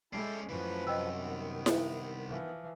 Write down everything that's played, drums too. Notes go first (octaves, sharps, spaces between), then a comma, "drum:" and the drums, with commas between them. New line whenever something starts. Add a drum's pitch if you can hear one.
G#3 C#4 E4 A4 D5 G5 C7
F#2 A2 E3 F3 B4
C2 D#5 G5 E6
D#3 B3
drum: snare E4
E3 F3